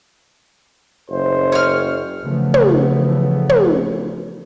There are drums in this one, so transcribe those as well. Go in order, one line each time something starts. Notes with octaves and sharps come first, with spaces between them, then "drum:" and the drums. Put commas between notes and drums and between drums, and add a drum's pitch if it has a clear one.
F#1 C5
C#5 F6
C#3 E3 F3 A3 B3
drum: tom
drum: tom